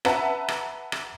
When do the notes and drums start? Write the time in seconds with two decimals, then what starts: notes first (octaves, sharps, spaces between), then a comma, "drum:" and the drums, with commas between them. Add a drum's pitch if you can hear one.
0.05 B4 E5 F#5 A5 A#5, drum: rim click
0.48 drum: rim click
0.92 drum: rim click